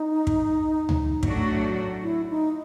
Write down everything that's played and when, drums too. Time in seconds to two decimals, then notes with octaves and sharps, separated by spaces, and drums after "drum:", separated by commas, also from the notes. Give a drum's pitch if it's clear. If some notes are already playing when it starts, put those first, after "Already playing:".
Already playing: D#4
0.27 drum: kick
0.89 drum: tom D2
1.23 A2 F#3 A3 D4 F#4, drum: kick
2.03 E4
2.30 D#4